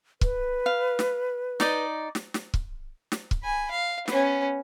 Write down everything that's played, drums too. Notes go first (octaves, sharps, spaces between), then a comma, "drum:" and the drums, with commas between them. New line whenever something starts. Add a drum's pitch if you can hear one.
B4, drum: kick
F5
drum: snare
D#4 D5 D#5, drum: snare
drum: snare
drum: snare
drum: kick
drum: snare
drum: kick
G#5 B5
F5
B3 C#4, drum: snare